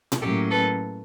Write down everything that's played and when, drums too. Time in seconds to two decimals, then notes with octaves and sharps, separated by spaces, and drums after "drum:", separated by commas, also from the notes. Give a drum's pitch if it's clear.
0.12 drum: tom A#2
0.22 A2 F#3 A#3 C#4 G4 A4
0.50 A4 B4